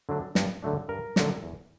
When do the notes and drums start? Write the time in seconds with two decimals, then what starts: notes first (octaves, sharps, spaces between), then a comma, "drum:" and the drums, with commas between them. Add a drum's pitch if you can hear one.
0.09 D3 F#3 A3 D4
0.35 G2, drum: snare
0.63 D3 F#3 A3 D4
0.89 G2 A#4
1.16 D3 F#3 A3 D4, drum: snare
1.43 E2